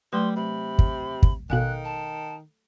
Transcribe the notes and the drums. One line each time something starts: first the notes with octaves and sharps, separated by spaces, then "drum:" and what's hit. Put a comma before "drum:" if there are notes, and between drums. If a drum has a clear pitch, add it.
F#3 G3 A3 B4 C6
C3 B5
drum: kick
drum: kick
A1 B2 D#3 A4 F5 G#5 F#6
A5